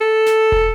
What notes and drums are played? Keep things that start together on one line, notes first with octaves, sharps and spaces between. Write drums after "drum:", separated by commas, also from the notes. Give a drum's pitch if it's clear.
A4
drum: snare
drum: kick